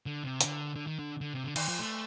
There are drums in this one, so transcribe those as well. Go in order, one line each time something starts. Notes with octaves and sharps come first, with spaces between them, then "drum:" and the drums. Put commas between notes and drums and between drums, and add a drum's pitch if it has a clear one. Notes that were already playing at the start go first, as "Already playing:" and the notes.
D3
C3
D3, drum: hi-hat
D3
D#3
D3
D3
C3
D3
D#3, drum: cymbal
F3
A3